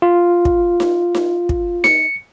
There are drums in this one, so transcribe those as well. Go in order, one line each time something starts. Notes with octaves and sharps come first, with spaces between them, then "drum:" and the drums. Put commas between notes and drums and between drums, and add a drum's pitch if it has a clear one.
F4
drum: kick
drum: snare D#4
drum: snare D#4
drum: kick
C#7, drum: snare D#4